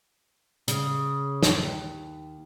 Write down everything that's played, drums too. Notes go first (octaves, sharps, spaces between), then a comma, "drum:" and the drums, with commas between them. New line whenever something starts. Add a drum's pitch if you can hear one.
C#3, drum: hi-hat
drum: snare
D#2